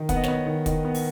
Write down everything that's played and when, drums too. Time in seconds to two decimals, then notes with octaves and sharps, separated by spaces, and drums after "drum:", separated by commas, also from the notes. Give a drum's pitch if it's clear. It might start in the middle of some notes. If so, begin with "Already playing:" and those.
Already playing: D#3
0.09 B3 F#5, drum: kick, hi-hat
0.16 D#5
0.23 C#5, drum: snare
0.28 B3 D#5
0.46 D#3
0.66 D#3, drum: kick, hi-hat
0.85 B3
0.95 drum: open hi-hat